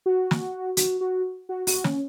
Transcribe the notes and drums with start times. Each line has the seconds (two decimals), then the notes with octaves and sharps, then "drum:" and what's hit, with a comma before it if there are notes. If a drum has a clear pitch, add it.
0.06 F#4
0.31 drum: snare
0.77 F#4, drum: hi-hat
1.01 F#4
1.49 F#4
1.67 F#4, drum: open hi-hat
1.84 C#4, drum: snare